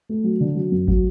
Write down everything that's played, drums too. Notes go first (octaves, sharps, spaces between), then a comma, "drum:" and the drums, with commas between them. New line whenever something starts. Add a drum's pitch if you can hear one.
A3
F#3
D3
F#3
F#2
F#3, drum: kick